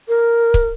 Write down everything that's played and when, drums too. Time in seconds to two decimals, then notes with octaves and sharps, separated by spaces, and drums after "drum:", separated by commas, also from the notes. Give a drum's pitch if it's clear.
0.08 A#4
0.54 drum: kick